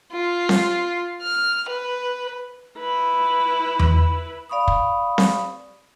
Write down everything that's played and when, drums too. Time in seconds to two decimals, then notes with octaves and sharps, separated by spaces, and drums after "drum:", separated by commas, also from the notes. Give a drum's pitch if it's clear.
0.12 F4
0.49 drum: snare C4
1.22 F6
1.70 B4
2.78 E4 B4
3.80 drum: tom E2
4.49 D5 F5 B5 C#6 D#6
4.68 drum: kick
5.18 drum: snare C4